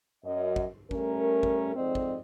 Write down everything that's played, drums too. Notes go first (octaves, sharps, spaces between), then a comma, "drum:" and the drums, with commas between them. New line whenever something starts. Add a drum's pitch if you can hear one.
F#2 D#5
drum: kick
G3 A3 C#4 A#4, drum: kick
drum: kick
F2 G#2 C4 C5 D5 D#5
drum: kick